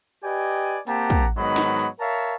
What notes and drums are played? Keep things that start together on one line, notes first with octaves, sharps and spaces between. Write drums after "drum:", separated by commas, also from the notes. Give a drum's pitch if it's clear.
G4 B4 D5 D#5 G5 G#5
A#3 C4 G4 F#5 A5 A#5, drum: hi-hat
drum: kick, hi-hat
G#2 D#3 F#3 B3 D#5 B5
drum: snare
drum: hi-hat
A#4 C#5 E5 F5 A5 A#5